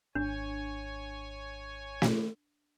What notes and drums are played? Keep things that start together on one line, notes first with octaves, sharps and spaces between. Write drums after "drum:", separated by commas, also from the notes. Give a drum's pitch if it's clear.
G#1 D4 C#5 G#5
drum: snare